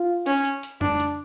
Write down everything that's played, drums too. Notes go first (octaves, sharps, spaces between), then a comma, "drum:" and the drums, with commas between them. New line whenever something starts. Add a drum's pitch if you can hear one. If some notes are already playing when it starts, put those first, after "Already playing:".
Already playing: F4
C#4, drum: hi-hat
drum: hi-hat
drum: hi-hat
D4, drum: tom F2
drum: hi-hat